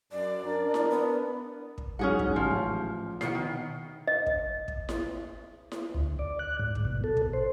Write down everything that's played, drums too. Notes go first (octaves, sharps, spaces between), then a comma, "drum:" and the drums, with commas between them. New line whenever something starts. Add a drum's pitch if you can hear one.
F#2 D5
D4 A#4
drum: snare E4
B3
drum: kick
G#2 F#3 C#4 G#4 F#5
drum: kick
A1 F3
B2 D#3 F#5 C7, drum: snare E4
D#3
D#5
drum: kick
drum: kick
drum: snare E4
drum: snare E4
D2
D5
F#6
G#2
drum: kick
B2
A4
drum: kick
C5